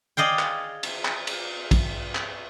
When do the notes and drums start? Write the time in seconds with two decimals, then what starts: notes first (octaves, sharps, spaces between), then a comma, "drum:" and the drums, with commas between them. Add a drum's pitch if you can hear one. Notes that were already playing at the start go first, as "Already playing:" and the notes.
0.17 G#4 D5 D#5 F5 G5
0.39 drum: clap
0.83 drum: cymbal
1.05 drum: clap
1.27 drum: cymbal
1.71 drum: kick, cymbal
2.15 drum: clap